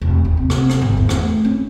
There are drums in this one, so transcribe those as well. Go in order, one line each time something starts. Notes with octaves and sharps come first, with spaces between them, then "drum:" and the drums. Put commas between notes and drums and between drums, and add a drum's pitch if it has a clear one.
E1
D#1
C3
C3, drum: rim click
drum: rim click
G1
E2
drum: rim click
A3
C#4